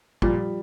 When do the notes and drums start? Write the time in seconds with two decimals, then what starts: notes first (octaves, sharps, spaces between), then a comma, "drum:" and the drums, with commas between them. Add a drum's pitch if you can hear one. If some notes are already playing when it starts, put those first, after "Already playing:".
0.22 A#2 F3 G3, drum: kick